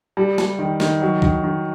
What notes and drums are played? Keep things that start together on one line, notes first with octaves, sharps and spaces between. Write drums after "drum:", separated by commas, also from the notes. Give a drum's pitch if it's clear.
G3
G3, drum: snare
D#3
D#3, drum: snare
F#3
D#3, drum: kick
D#3